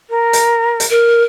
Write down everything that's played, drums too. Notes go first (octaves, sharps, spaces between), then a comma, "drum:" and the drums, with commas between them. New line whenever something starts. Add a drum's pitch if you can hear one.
A#4
drum: hi-hat
drum: hi-hat
A#4